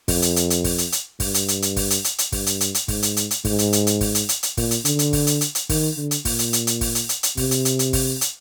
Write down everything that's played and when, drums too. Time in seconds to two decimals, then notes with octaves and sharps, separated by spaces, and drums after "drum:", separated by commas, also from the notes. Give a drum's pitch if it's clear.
0.08 F2, drum: kick, open hi-hat
0.22 drum: hi-hat
0.36 drum: hi-hat
0.50 drum: hi-hat
0.64 drum: kick, open hi-hat
0.78 drum: hi-hat
0.92 drum: hi-hat
1.20 G2, drum: kick, open hi-hat
1.34 drum: hi-hat
1.48 drum: hi-hat
1.62 drum: hi-hat
1.76 drum: kick, open hi-hat
1.90 drum: hi-hat
2.04 drum: hi-hat
2.18 drum: hi-hat
2.32 G2, drum: kick, open hi-hat
2.46 drum: hi-hat
2.60 drum: hi-hat
2.75 drum: hi-hat
2.88 G#2, drum: kick, open hi-hat
3.03 drum: hi-hat
3.17 drum: hi-hat
3.31 drum: hi-hat
3.45 G#2, drum: kick, open hi-hat
3.59 drum: hi-hat
3.73 drum: hi-hat
3.87 drum: hi-hat
4.01 drum: kick, open hi-hat
4.15 drum: hi-hat
4.29 drum: hi-hat
4.43 drum: hi-hat
4.57 A#2, drum: kick, open hi-hat
4.71 drum: hi-hat
4.85 D3, drum: hi-hat
4.99 drum: hi-hat
5.13 drum: kick, open hi-hat
5.27 drum: hi-hat
5.41 drum: hi-hat
5.55 drum: hi-hat
5.69 D#3, drum: kick, open hi-hat
5.97 D3
6.11 drum: hi-hat
6.25 A#2, drum: kick, open hi-hat
6.39 drum: hi-hat
6.53 drum: hi-hat
6.67 drum: hi-hat
6.81 drum: kick, open hi-hat
6.95 drum: hi-hat
7.09 drum: hi-hat
7.23 drum: hi-hat
7.37 C3, drum: kick, open hi-hat
7.51 drum: hi-hat
7.65 drum: hi-hat
7.79 drum: hi-hat
7.93 drum: kick, open hi-hat
8.21 drum: hi-hat